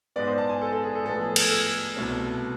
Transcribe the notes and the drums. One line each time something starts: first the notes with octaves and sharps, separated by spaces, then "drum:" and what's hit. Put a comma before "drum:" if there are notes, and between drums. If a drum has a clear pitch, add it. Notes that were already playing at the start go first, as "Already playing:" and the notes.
G#2 G#3 B3 D5
C5
A5
G#5
A4
A4
G#4
A4
A2 F3 B3 A4
G#4
A4, drum: cymbal
A4
C2 B2 A3 C4